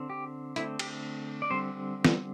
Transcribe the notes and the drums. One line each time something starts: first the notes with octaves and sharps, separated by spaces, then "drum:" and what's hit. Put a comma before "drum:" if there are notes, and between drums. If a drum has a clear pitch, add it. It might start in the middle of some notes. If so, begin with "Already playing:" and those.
Already playing: D3 C4
G4
D3 A3 C4 E4, drum: hi-hat
G4, drum: cymbal
D5
D3 G3 C4 C5
drum: snare